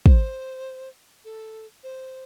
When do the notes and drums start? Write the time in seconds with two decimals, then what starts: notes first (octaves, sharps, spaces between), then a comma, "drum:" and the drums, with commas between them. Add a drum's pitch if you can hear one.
0.06 C5, drum: kick
1.25 A4
1.83 C5